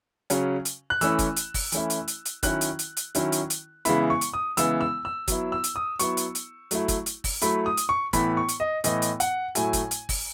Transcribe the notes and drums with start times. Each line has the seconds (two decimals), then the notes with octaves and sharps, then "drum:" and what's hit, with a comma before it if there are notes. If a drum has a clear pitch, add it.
0.30 C#3 F#3 C#4, drum: hi-hat
0.65 drum: hi-hat
0.90 F#6
1.01 E3 A3 C#4 E4 E6, drum: hi-hat
1.19 drum: kick, hi-hat
1.37 drum: hi-hat
1.54 drum: kick, open hi-hat
1.72 E3 A3 C#4 E4, drum: hi-hat
1.90 drum: hi-hat
2.08 drum: hi-hat
2.26 drum: hi-hat
2.43 D#3 F#3 C#4 E4 F#6, drum: kick, hi-hat
2.61 drum: hi-hat
2.79 drum: hi-hat
2.97 drum: hi-hat
3.15 D#3 F#3 C#4 E4, drum: hi-hat
3.32 drum: hi-hat
3.50 drum: hi-hat
3.85 C#3 E3 G#3 B3 E4 B5, drum: hi-hat
4.10 C#6
4.21 drum: hi-hat
4.34 D#6
4.57 C#3 E3 G#3 B3 E4 E6, drum: hi-hat
4.81 E6
5.05 E6
5.28 F#3 B3 E4, drum: kick, hi-hat
5.52 E6
5.64 drum: hi-hat
5.76 D#6
5.99 F#3 B3 E4 C#6, drum: hi-hat
6.17 drum: hi-hat
6.35 drum: hi-hat
6.71 F#3 A3 E4, drum: hi-hat
6.88 drum: kick, hi-hat
7.06 drum: hi-hat
7.24 drum: kick, open hi-hat
7.42 F#3 A3 E4 B5, drum: hi-hat
7.66 D#6
7.77 drum: hi-hat
7.89 C#6
8.13 A2 E3 B3 E4 B5, drum: kick, hi-hat
8.37 C#6
8.49 drum: hi-hat
8.60 D#5
8.84 A2 E3 B3 E4 D#5, drum: hi-hat
9.02 drum: hi-hat
9.20 F#5, drum: hi-hat
9.55 A2 F#3 A3 E4 G#5, drum: hi-hat
9.73 drum: kick, hi-hat
9.91 drum: hi-hat
10.09 drum: kick, open hi-hat